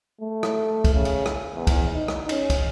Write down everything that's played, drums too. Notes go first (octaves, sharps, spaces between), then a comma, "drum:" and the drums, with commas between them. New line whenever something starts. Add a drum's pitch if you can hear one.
A3
drum: rim click
drum: kick, cymbal
C#3
drum: cymbal
drum: rim click
E2
drum: kick, cymbal
D#4
drum: rim click
C#4, drum: cymbal
drum: kick, cymbal